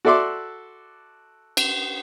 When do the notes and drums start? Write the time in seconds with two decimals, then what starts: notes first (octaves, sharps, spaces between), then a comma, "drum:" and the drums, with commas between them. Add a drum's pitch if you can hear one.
0.05 F#4 A4 D5 E5 C6 D6
1.57 drum: cymbal